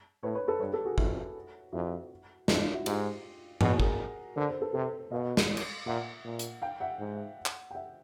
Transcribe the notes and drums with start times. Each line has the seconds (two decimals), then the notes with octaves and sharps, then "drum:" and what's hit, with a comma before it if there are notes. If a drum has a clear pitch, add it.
0.23 A2 B4 C#5
0.35 B4 C#5
0.48 A4 B4
0.60 G2 B4 C#5
0.72 G4 A4
0.85 F#4 G#4
0.98 F2 E4 F#4, drum: kick
1.73 F2 E4 F#4
2.48 F2 D4 E4, drum: snare
2.60 D#4 F4
2.73 E4 F#4
2.86 G#2 F4 G4, drum: cymbal
3.61 B2 F#4 G#4, drum: tom G2
3.80 G#4 A#4, drum: kick
4.36 D3 A#4 C5
4.49 A#4 C5
4.61 A4 B4
4.74 C3 A4 B4
5.11 B2 D#5 F5
5.37 drum: snare
5.57 drum: cymbal
5.86 A#2 E5 F#5
6.25 A#2
6.39 drum: hi-hat
6.62 F5 G5
6.80 E5 F#5
6.99 G#2
7.46 drum: clap
7.71 G5
7.74 E5 F#5